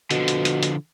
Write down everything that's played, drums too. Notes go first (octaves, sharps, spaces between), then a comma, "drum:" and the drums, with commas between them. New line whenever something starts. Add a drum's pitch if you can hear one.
B2 D3 F3, drum: hi-hat
drum: hi-hat
drum: hi-hat
drum: hi-hat